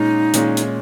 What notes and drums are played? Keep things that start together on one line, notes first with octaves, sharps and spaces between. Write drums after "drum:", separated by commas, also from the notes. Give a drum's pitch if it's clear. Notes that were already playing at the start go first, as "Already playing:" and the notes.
Already playing: A#2 G#3 C#4 D#4
A#2 G#3 C#4, drum: hi-hat
drum: hi-hat